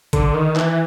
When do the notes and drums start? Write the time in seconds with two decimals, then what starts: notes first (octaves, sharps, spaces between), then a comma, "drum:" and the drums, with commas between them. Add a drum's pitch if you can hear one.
0.13 D3, drum: kick G#1, hi-hat
0.34 D#3
0.56 E3, drum: clap